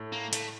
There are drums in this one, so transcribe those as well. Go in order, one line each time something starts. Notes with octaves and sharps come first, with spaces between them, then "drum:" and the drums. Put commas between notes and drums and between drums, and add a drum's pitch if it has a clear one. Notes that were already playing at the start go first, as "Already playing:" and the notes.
Already playing: A2
A#3
A3, drum: hi-hat